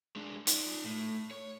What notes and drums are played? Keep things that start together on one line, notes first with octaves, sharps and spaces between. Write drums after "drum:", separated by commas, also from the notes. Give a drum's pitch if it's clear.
G#3 D4
D#4 D5, drum: hi-hat
A2
C#5